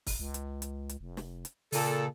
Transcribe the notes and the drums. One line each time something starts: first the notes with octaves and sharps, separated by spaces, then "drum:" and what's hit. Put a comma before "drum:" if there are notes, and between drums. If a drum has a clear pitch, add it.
drum: kick, open hi-hat
C#2
drum: hi-hat
drum: hi-hat
drum: hi-hat
F1
drum: snare
drum: hi-hat
A#2 C#3 A4, drum: open hi-hat